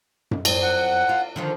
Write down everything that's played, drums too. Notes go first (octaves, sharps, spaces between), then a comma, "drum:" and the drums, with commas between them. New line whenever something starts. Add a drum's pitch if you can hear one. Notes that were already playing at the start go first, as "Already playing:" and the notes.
drum: tom F#2
F#2 C4 D5, drum: cymbal
F#5
F4
D3 D#3 F3